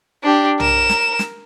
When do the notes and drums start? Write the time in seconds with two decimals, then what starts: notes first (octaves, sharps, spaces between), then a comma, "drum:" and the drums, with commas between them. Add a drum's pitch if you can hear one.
0.24 D4 G4
0.60 A#4 E7, drum: tom B1
0.89 drum: snare
1.19 drum: snare